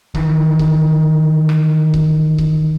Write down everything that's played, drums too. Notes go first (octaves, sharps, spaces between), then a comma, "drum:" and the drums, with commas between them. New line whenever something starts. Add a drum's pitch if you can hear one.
D#3 E3, drum: kick C#1
drum: kick C#1
drum: rim click
drum: kick C#1
drum: kick C#1